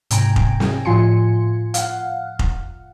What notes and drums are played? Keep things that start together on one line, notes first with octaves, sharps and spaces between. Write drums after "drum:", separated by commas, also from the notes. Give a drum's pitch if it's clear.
G#2 C3 G5 G#5 A#5 D7, drum: hi-hat
drum: kick F1
drum: snare
A2 F3 F4 G#5 C6 C#7
F5 F#5, drum: hi-hat
drum: kick F1